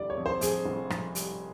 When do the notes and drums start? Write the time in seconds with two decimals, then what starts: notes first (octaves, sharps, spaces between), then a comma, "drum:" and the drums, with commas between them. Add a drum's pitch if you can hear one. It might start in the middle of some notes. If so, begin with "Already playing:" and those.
Already playing: F1 D3 G3 D5
0.10 C#5
0.18 F2
0.26 C5
0.41 F2 G#4, drum: hi-hat
0.66 F1
0.90 F1, drum: rim click
1.15 G3, drum: hi-hat